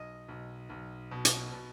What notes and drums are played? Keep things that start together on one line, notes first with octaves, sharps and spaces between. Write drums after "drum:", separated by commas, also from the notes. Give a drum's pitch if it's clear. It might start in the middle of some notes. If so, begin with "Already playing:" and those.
Already playing: B1 D#5
B1
B1
B2
drum: hi-hat
B2